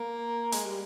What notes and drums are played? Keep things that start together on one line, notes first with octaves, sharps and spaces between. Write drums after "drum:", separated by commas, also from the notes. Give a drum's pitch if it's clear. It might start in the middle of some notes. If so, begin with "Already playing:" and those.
Already playing: A#3
G#3, drum: hi-hat
G3